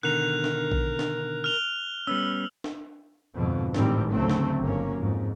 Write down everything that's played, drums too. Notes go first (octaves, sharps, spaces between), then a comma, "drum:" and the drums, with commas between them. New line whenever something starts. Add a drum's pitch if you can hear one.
B2 D3 D#3 A#4 F#6 F7
drum: snare
drum: kick A#1
drum: snare
F6 F7 G7
G3 B3 C#4 E6
drum: snare
F2 G#2 B2 D3
G#1 A2 D#3 E3 G3 C4, drum: snare
D2 C#3 F#3 A3 C4
drum: snare
G1 G#2 F#3 A#3 C#4
F2 G#2